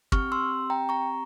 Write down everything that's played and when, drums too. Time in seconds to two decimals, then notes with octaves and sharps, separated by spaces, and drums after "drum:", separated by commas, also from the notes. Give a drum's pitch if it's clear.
0.12 C4 G4 C#6 F6, drum: kick
0.32 C6 E6
0.70 G5 A#5
0.89 A#5 C#6